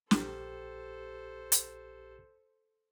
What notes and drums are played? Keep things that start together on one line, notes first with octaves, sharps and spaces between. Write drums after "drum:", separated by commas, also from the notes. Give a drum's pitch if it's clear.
A#1 G4 A4 C5, drum: snare
drum: hi-hat